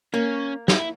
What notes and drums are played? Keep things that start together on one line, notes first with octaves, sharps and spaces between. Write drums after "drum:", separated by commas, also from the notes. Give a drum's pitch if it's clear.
A#3 C#4
E4, drum: snare